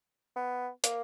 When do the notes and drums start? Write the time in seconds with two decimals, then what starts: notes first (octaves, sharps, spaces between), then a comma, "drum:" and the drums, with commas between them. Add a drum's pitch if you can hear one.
0.36 B3
0.84 A#3, drum: hi-hat